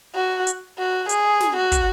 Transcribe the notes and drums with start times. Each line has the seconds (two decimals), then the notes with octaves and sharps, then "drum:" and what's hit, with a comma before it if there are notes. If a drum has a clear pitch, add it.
0.15 F#4
0.47 drum: hi-hat
0.78 F#4
1.09 G#4, drum: hi-hat
1.40 drum: snare
1.56 F#4
1.72 drum: kick, hi-hat